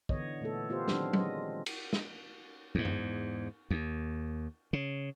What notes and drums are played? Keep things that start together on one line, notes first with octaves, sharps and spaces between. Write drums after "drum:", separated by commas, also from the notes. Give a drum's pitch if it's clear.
D3 E3 B3 C#5 D#5, drum: kick
A#2 A3 B3 A4
B3 F4 G4 C5
D#3 E3 F#3 C4 D4, drum: snare
G#3 D#5, drum: tom F#3
drum: cymbal
drum: snare
E2 G#2
drum: tom F#2
D#2
C#3